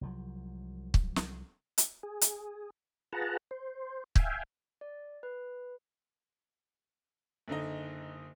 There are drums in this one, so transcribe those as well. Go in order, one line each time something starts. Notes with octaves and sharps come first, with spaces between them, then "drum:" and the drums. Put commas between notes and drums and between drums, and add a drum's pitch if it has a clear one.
C2 F3 F#3
drum: kick
drum: snare
drum: hi-hat
G#4
drum: hi-hat
F4 G#4 B4 F#5 A5 A#5
C5
E5 F5 G5 G#5, drum: kick
D5
B4
F#1 D3 D#4 D#5